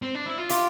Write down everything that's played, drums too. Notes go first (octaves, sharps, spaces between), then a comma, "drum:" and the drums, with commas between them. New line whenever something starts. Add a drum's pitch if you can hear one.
C4
D4
E4
F4
F4 G4, drum: hi-hat